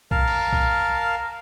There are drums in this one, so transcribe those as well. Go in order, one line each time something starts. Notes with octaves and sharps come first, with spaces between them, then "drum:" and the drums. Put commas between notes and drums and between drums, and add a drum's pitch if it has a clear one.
A#4 F5 A5, drum: kick B1
drum: cymbal
drum: kick B1